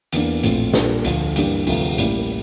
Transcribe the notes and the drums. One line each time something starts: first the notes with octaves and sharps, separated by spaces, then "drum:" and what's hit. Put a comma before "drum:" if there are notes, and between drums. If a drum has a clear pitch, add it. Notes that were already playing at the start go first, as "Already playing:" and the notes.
E2 E3 A#3 D4, drum: hi-hat
A#1 A2 F3 A3 C4, drum: hi-hat
A#1 A#2 G3 D4 A4, drum: snare
D2 D3 F3 A3, drum: hi-hat
G2 E3 A#3 D4 G4, drum: hi-hat
D2 C3 F3 A3, drum: open hi-hat
A1 A2 G3 A#3 E4, drum: hi-hat